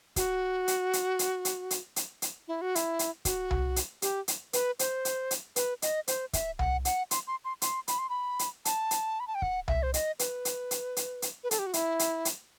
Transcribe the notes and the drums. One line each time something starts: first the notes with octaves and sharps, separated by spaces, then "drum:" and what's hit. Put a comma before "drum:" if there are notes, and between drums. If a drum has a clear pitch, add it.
F#4, drum: kick, hi-hat
drum: hi-hat
drum: hi-hat
drum: hi-hat
drum: hi-hat
drum: hi-hat
drum: hi-hat
drum: hi-hat
E4
F#4
E4, drum: hi-hat
drum: hi-hat
F#4, drum: kick, hi-hat
drum: tom C2
drum: hi-hat
G4, drum: hi-hat
drum: hi-hat
B4, drum: hi-hat
C5, drum: hi-hat
drum: hi-hat
drum: hi-hat
B4, drum: hi-hat
D#5, drum: hi-hat
C5, drum: hi-hat
E5, drum: kick, hi-hat
F#5, drum: tom C2
F#5, drum: hi-hat
C6, drum: hi-hat
C6
C6
C6, drum: hi-hat
B5, drum: hi-hat
C6
B5
drum: hi-hat
A5, drum: hi-hat
drum: hi-hat
B5
A5
G5
F#5, drum: kick
E5, drum: tom C2
C5
D#5, drum: hi-hat
B4, drum: hi-hat
drum: hi-hat
drum: hi-hat
drum: hi-hat
drum: hi-hat
B4
A4, drum: hi-hat
G4
F#4
E4, drum: hi-hat
drum: hi-hat
drum: hi-hat